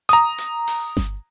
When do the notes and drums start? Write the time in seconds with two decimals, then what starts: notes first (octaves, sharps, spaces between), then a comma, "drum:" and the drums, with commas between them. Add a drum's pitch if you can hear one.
0.09 A#5 D#6, drum: hi-hat
0.38 drum: hi-hat
0.67 drum: open hi-hat
0.97 drum: snare G1